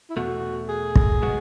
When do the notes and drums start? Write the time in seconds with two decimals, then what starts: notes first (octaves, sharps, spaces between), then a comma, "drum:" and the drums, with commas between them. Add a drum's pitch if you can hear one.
0.10 E4
0.16 E2 B2 A3 F#4
0.69 G#4
0.96 drum: kick
1.22 B2 G#3 B3 F#4